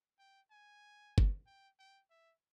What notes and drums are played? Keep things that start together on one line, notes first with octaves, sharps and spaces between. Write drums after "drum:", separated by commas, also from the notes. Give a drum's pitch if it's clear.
G5
G#5
drum: kick F#1
G5
G5
E5